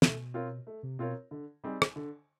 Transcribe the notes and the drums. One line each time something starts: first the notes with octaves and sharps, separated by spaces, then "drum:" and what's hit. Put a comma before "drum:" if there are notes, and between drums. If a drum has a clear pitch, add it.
B2 A3, drum: snare
C4 F4 A#4 C#5
A3
C3
B2 C4 F4 A#4 C#5
D3
G3 C4 D#4 G#4
drum: rim click
D3